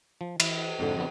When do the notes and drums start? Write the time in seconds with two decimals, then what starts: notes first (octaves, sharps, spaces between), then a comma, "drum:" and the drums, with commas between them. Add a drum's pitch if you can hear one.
0.21 F3
0.40 E3 E4, drum: cymbal
0.79 F2 G#2 D3 F3 A4
0.97 F2 D3 B3